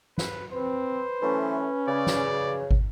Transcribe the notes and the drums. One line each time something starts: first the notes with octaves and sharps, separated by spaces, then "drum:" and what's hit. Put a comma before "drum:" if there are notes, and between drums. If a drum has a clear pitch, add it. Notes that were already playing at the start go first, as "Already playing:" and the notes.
B4, drum: snare
C4 B4 C5
E3 F#3 A3 C#4
C#3 D5
drum: snare
drum: kick